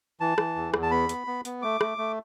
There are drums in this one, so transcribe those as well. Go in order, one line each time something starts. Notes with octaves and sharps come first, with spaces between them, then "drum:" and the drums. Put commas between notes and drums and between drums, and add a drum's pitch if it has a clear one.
E3 A5
E3, drum: rim click
E2
E2, drum: rim click
A5
B3 B5
B3, drum: hi-hat
B3
B3, drum: hi-hat
A3 D6
A3, drum: rim click
A3